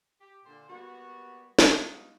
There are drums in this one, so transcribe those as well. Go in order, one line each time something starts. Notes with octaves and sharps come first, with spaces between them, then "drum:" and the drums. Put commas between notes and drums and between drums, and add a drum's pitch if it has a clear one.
G4
A#2 D3 A4 C5
G3 A#3 B3 F#4
drum: snare
G3 G#3 B3 D#4 F4 F#4